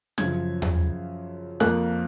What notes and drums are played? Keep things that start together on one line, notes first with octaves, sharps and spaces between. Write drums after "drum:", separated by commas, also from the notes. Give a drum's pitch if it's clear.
F#2 C#3 F3 G#6, drum: snare
drum: tom E2
F2 F3 A#3 F#6, drum: rim click